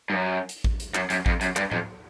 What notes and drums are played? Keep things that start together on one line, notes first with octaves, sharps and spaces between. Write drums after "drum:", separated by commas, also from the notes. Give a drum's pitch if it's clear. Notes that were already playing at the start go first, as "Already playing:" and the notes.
G2
F#2
drum: hi-hat
drum: kick A1
drum: hi-hat
F#2, drum: clap
F#2, drum: hi-hat
F2, drum: kick A1
F#2, drum: hi-hat
G2, drum: clap
F2, drum: tom A2